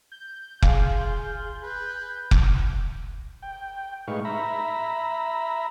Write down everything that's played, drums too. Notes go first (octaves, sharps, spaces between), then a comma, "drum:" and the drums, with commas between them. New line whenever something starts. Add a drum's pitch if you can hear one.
G6
F4 G#4 F5, drum: kick F1
B4
drum: kick F1
G5
A2 G#3 D#4 B4 F5 C#6
E5 A#5 B5